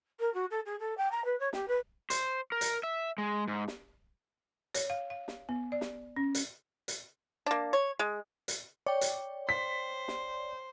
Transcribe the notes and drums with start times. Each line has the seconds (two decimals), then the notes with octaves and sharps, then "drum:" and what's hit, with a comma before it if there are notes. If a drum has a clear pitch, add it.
0.20 A#4
0.34 F#4
0.51 A4
0.66 G#4
0.80 A4
0.97 G5
1.12 A#5
1.25 B4
1.40 C#5
1.53 G4, drum: snare
1.68 B4
2.10 C5, drum: hi-hat
2.52 A#4
2.61 drum: hi-hat
2.83 E5
3.18 G#3
3.48 G#2
3.68 drum: snare
4.74 C#5, drum: hi-hat
4.90 F5
5.10 F5
5.28 drum: snare
5.49 B3
5.72 D5
5.81 drum: snare
6.16 C#4
6.35 drum: hi-hat
6.88 drum: hi-hat
7.46 A#3 D4
7.73 C#5
7.99 G#3
8.48 drum: hi-hat
8.86 C#5 D5 G5
9.01 drum: hi-hat
9.49 C5 B6
10.08 drum: snare